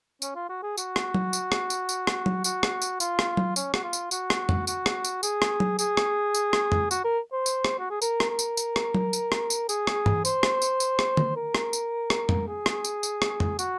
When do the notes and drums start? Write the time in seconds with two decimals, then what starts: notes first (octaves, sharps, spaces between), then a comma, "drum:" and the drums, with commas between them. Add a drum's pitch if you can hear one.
0.22 C#4, drum: tambourine
0.35 F4
0.49 F#4
0.63 G#4
0.77 F#4, drum: tambourine
0.96 drum: rim click
1.14 drum: tom F#3
1.33 drum: tambourine
1.52 drum: rim click
1.70 drum: tambourine
1.89 drum: tambourine
2.07 drum: rim click
2.26 drum: tom F#3
2.44 F#4, drum: tambourine
2.63 drum: rim click
2.82 drum: tambourine
3.00 F4, drum: tambourine
3.19 drum: rim click
3.37 drum: tom F#3
3.56 C#4, drum: tambourine
3.74 F#4, drum: rim click
3.84 F4
3.93 drum: tambourine
4.11 F#4, drum: tambourine
4.30 drum: rim click
4.49 drum: tom
4.67 F#4, drum: tambourine
4.86 drum: rim click
5.05 drum: tambourine
5.23 G#4, drum: tambourine
5.42 drum: rim click
5.60 drum: tom F#3
5.79 G#4, drum: tambourine
5.97 drum: rim click
6.35 drum: tambourine
6.53 drum: rim click
6.72 drum: tom
6.91 F#4, drum: tambourine
7.05 A#4
7.32 C5
7.46 drum: tambourine
7.65 drum: rim click
7.79 F#4
7.90 G#4
8.02 A#4, drum: tambourine
8.20 drum: rim click
8.29 A#4
8.39 drum: tambourine
8.57 drum: tambourine
8.76 drum: rim click
8.95 drum: tom F#3
9.13 drum: tambourine
9.32 drum: rim click
9.50 drum: tambourine
9.69 G#4, drum: tambourine
9.87 drum: rim click
10.06 drum: tom G2
10.25 C5, drum: tambourine
10.43 drum: rim click
10.62 drum: tambourine
10.80 drum: tambourine
10.99 drum: rim click
11.17 drum: tom
11.36 A#4
11.55 drum: rim click
11.73 drum: tambourine
12.10 drum: rim click
12.29 drum: tom
12.48 G#4
12.66 drum: rim click
12.85 drum: tambourine
13.03 drum: tambourine
13.22 drum: rim click
13.40 drum: tom
13.59 F#4, drum: tambourine